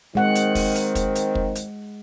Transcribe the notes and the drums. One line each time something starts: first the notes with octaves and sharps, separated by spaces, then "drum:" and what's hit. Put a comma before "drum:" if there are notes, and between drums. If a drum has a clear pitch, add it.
D#3 G#3 C4 F#5
drum: hi-hat
drum: kick, open hi-hat
drum: hi-hat
drum: kick, hi-hat
drum: hi-hat
drum: kick
drum: hi-hat